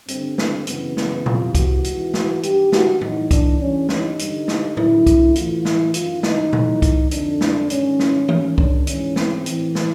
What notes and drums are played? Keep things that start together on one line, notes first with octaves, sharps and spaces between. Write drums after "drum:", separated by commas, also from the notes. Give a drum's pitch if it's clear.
G2 D3 C4, drum: hi-hat
C4, drum: snare
F#2 C#3 E3 B3, drum: hi-hat
B3, drum: snare
F2 C3 E3 F4, drum: tom A#2
F#4, drum: kick C2, hi-hat
G#2 E3, drum: hi-hat
drum: snare
G2 D#3 G4, drum: hi-hat
F#4, drum: snare
A2 E3 D#4, drum: tom A2
D4, drum: kick C2, hi-hat
G2 E3 C#4
D#4, drum: snare
G2 D3, drum: hi-hat
drum: snare
F#2 D3 E4, drum: tom A2
drum: kick C2, hi-hat
A2 E3 F4, drum: hi-hat
E4, drum: snare
F#2 D#3 F4, drum: hi-hat
D#4, drum: snare
A2 E3, drum: tom A#2
drum: kick C2, hi-hat
F2 D3 D4, drum: hi-hat
drum: snare
G#2 D#3 C#4, drum: hi-hat
drum: snare
G#2 D#3 C#4, drum: tom E3
D4, drum: kick C2
G#2 E3 C#4, drum: hi-hat
C4, drum: snare
A2 E3, drum: hi-hat
drum: snare